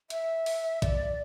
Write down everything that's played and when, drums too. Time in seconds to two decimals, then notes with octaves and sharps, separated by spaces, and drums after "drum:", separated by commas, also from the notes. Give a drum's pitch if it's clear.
0.10 E5, drum: hi-hat
0.46 drum: open hi-hat
0.82 D5, drum: kick A#1, hi-hat